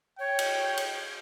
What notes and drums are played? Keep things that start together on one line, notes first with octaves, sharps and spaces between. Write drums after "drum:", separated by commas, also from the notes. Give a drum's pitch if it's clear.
C#5 G5
drum: cymbal
drum: cymbal